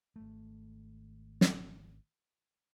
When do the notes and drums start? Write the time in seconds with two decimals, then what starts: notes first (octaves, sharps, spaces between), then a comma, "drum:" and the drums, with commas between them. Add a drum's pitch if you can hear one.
0.16 G#1 A3
1.41 drum: snare